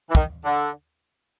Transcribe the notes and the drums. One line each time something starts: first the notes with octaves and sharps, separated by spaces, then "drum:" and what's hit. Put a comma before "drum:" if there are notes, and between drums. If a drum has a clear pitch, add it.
E3
D#3, drum: kick
D3